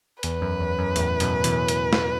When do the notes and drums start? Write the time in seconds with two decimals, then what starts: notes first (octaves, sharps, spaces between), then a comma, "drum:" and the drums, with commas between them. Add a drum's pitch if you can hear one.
0.23 E2 B4, drum: hi-hat
0.42 F#2
0.60 E2
0.78 F#2
0.96 E2 A2, drum: hi-hat
1.20 F#2 B2, drum: hi-hat
1.44 B2 E3, drum: hi-hat
1.68 drum: hi-hat
1.93 drum: snare